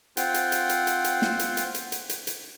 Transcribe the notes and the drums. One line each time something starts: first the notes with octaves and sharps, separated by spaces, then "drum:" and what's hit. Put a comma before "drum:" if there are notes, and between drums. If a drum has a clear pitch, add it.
C4 F4 F#5 G5, drum: hi-hat
drum: hi-hat
drum: hi-hat
drum: hi-hat
drum: hi-hat
drum: hi-hat
drum: snare
drum: hi-hat
drum: hi-hat
drum: hi-hat
drum: hi-hat
drum: hi-hat
drum: hi-hat